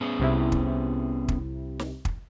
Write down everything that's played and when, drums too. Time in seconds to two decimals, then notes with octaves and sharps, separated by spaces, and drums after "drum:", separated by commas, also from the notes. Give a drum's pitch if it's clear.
0.01 B3 C#4 G#4
0.19 C2 C3 E4
0.52 drum: kick
1.28 drum: kick
1.79 drum: snare
2.05 drum: kick